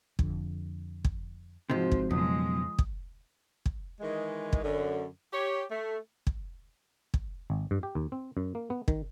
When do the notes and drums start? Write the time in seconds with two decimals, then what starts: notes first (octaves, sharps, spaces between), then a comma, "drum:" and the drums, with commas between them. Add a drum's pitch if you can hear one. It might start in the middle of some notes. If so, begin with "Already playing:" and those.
0.19 F2 D3, drum: kick
1.05 drum: kick
1.70 G#2 C3 F3 C4 F#4 C5
1.92 drum: kick
2.11 B1 F2 C#3 F3 G#3 D#6
2.79 drum: kick
3.66 drum: kick
4.00 D#3 E3 G#3
4.53 drum: kick
4.64 F#2 D3
5.33 G4 C#5
5.71 A3
6.27 drum: kick
7.14 drum: kick
7.50 G#1
7.71 G2
7.83 G4
7.95 D#2
8.12 C4
8.37 F#2
8.55 A#3
8.70 B3
8.88 D#3, drum: kick